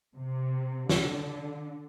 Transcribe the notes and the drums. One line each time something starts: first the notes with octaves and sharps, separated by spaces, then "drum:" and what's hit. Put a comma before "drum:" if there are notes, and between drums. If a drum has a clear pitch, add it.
C3
D3, drum: snare